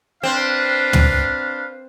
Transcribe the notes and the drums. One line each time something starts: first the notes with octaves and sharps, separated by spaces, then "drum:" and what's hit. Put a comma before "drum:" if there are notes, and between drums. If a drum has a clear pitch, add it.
C4 D4 B4 F5
drum: tom